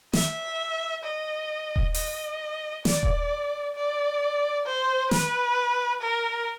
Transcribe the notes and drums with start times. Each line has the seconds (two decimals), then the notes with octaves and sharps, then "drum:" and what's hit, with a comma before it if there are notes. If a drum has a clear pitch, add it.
0.13 E5, drum: snare
1.04 D#5
1.76 drum: kick D#1
1.94 D#5, drum: open hi-hat
2.85 D5, drum: snare
3.03 drum: kick D#1
3.76 D5
4.66 C5
5.11 B4, drum: snare
6.02 A#4